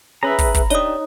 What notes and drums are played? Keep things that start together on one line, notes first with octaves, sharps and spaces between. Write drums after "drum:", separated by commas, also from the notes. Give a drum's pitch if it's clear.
C#4 G#4 B4 E5 A#5 B5
drum: kick, open hi-hat
drum: kick, hi-hat
D4 D#4 G4 C#5 D#6, drum: hi-hat